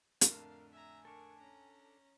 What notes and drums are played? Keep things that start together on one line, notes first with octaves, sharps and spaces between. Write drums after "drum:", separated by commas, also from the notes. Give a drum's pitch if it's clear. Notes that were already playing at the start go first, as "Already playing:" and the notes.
F2 A2 D3 A#4 F5 A5, drum: hi-hat
E5 G#5 A#5
D4 A4 A#4 C#6
C#4 A#5